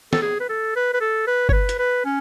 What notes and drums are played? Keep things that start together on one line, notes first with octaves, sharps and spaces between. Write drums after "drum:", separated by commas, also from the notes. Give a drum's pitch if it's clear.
A4, drum: snare
G#4
B4
A4
B4
B4
A4
B4
C#5, drum: kick G1
B4
drum: hi-hat
B4
C#4